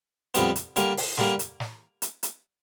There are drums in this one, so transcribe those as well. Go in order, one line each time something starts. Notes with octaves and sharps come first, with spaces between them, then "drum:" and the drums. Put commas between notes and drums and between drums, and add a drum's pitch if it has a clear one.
F2 D3 G3 B3, drum: hi-hat
drum: hi-hat
D3 G3 A#3, drum: hi-hat
drum: open hi-hat
D3 G3 A#3, drum: snare
drum: hi-hat
drum: snare
drum: hi-hat
drum: hi-hat